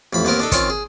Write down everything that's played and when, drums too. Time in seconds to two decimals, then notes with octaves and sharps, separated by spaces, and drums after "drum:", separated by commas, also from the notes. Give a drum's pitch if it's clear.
0.13 A1 F2 B5
0.25 D#2 B3 C4 A#4
0.40 D4 D#4 A4
0.52 D#3 C4 C#4 F4, drum: kick, hi-hat
0.70 G#4